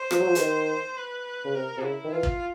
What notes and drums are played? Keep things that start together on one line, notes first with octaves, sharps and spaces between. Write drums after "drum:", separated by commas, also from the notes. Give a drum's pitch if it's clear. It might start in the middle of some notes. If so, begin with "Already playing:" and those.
Already playing: C5
F3, drum: rim click
F#3
F3
E3, drum: hi-hat
D#3
B4
C#3
C3 A#4
C3
C#3 E4
D#3
E3 F4
drum: kick